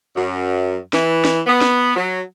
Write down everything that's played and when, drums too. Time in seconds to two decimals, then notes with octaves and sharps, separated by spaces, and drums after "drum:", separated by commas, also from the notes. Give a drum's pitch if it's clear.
0.16 F#2
0.93 E3, drum: snare
1.25 drum: snare
1.47 B3
1.61 drum: snare
1.96 F#3